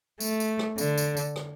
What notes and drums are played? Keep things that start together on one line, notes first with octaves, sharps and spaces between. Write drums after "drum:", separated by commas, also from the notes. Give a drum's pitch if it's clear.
A3, drum: tambourine
drum: tambourine
drum: rim click
D3, drum: tambourine
drum: tambourine
drum: tambourine
drum: rim click